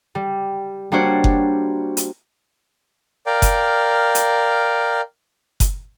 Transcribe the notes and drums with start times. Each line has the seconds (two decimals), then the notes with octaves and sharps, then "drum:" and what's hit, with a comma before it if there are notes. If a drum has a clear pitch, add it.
0.15 G3
0.92 G3 A#3 D4 F#4 C5 C#5
1.24 drum: kick F#1
1.97 drum: hi-hat
3.26 A#4 D5 F5 G5
3.42 drum: kick F#1, hi-hat
4.15 drum: hi-hat
5.60 drum: kick F#1, hi-hat